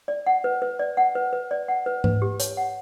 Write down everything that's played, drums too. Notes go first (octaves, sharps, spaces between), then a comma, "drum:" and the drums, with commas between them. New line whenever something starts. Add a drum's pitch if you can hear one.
D5
F#5
B4
B4
D5
F#5
B4
B4
D5
F#5
B4
B4, drum: tom G#2
G4
C#5, drum: hi-hat
F#5